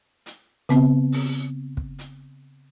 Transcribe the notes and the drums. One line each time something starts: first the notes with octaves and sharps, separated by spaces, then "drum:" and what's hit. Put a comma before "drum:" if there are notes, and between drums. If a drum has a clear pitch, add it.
drum: hi-hat
C#3 B3 C4, drum: hi-hat
drum: open hi-hat
drum: kick
drum: hi-hat